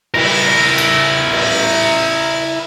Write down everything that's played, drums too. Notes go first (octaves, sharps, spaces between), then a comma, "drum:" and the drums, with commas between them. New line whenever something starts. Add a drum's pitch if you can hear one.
E4 A#4, drum: cymbal
drum: cymbal
drum: cymbal